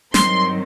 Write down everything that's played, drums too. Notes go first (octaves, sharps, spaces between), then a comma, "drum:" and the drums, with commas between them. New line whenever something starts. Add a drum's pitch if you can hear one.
G2 D#3 F#3 C4 C6, drum: snare